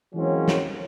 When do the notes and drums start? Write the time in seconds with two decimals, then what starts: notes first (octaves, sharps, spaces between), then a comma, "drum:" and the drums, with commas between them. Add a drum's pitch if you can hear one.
0.15 E3 F#3 G#3 A#3 C4 C#4
0.48 drum: snare